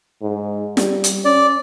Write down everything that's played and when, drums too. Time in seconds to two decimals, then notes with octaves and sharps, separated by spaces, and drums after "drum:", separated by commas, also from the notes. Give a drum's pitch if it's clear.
0.22 G#2
0.77 G3, drum: snare
1.04 drum: hi-hat
1.25 C#4 D5